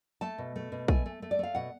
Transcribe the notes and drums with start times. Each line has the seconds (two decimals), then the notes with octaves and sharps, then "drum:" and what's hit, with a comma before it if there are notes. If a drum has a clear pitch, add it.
0.21 A3 A5
0.38 B2
0.56 A3
0.72 B2
0.88 A3 G#5, drum: kick A#1
1.06 A3
1.22 A3
1.31 D5
1.39 A3 F5
1.55 B2 F#5